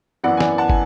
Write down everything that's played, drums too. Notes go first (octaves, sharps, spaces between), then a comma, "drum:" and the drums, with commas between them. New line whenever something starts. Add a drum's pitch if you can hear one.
F#2 E3 B3 D5 F#5
G#5
D5 F#5, drum: snare
F#5 A5
G#5, drum: kick